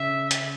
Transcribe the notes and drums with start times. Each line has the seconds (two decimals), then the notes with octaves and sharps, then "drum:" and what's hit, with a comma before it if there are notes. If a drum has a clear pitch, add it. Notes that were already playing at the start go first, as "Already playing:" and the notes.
Already playing: C#3 E5
0.31 drum: hi-hat